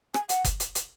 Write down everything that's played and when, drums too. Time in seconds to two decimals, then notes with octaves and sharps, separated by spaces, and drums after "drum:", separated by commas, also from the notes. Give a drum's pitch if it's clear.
0.14 G#5, drum: rim click
0.29 F#5, drum: hi-hat
0.44 drum: kick F#1, hi-hat
0.60 drum: hi-hat
0.75 drum: hi-hat